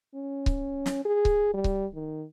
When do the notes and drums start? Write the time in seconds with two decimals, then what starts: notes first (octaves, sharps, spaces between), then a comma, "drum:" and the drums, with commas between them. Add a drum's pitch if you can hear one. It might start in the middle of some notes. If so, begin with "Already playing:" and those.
0.15 C#4
0.46 drum: kick C#1
0.86 drum: snare
1.05 G#4
1.25 drum: kick C#1
1.54 G3
1.64 drum: kick C#1
1.95 D#3